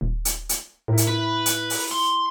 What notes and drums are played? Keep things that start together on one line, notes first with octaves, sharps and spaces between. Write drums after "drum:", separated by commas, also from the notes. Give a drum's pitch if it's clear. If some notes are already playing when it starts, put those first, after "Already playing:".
D#1
drum: hi-hat
drum: hi-hat
A2 E4 A#4
drum: hi-hat
E4 B4
drum: hi-hat
drum: open hi-hat
C6